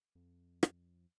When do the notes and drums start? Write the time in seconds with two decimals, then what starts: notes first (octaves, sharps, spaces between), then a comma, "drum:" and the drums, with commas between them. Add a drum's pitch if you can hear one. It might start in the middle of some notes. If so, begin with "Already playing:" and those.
0.15 F2
0.63 drum: rim click